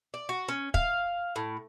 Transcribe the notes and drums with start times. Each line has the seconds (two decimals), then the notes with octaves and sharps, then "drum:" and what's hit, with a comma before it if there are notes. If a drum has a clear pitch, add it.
0.14 D5
0.29 F#4
0.48 C#4
0.74 F5, drum: kick
1.36 A2